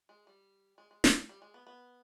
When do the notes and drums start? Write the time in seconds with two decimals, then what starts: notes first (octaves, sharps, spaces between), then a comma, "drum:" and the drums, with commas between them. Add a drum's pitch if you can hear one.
0.09 G#3
0.27 G3
0.78 G#3
0.91 G#3
1.04 A#3, drum: snare
1.29 G3
1.42 G#3
1.54 B3
1.67 B3